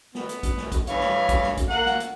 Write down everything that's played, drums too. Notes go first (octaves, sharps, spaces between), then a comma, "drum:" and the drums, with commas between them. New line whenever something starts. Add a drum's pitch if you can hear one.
B3, drum: snare
drum: hi-hat
drum: kick A#1, hi-hat
drum: snare
drum: kick A#1, hi-hat
G2 E3 C#5 F5, drum: hi-hat
drum: snare
drum: kick A#1, hi-hat
drum: snare
drum: kick A#1, hi-hat
A#3 F#5
drum: snare
drum: hi-hat